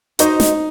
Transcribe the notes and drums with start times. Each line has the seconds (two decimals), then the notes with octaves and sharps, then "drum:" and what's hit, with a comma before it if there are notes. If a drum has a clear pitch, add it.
0.19 D#4 F#4 C5 D#5, drum: hi-hat
0.40 drum: snare